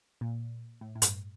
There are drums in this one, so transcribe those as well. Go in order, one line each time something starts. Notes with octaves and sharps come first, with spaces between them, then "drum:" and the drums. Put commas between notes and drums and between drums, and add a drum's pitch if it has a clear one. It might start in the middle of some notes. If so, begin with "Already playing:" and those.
A#2
A2
A2
G2, drum: hi-hat